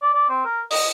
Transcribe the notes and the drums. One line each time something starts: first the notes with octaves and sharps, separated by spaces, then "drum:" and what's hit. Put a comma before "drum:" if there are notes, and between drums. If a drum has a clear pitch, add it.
D5
D5
C4
A#4
D#5, drum: open hi-hat